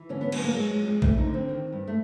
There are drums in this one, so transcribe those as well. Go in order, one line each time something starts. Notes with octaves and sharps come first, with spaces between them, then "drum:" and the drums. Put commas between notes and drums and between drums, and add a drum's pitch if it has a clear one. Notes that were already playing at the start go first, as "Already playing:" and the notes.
Already playing: E3
D3 C#4
B3
F#3 B3, drum: cymbal
A#3
F#3 G#3
G#3
F2
G#3
F2 A3, drum: kick A#1
D#4
D3
C4
D#3
G2
A3